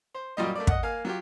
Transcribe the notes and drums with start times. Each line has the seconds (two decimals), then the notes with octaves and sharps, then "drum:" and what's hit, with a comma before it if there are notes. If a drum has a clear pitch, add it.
0.14 C5
0.37 F#2 A#2 G3 D#5
0.55 A3 A#3 D5
0.67 D#5 F#5, drum: kick
0.83 A#3 F5 G#5
1.05 F#3 F4 G4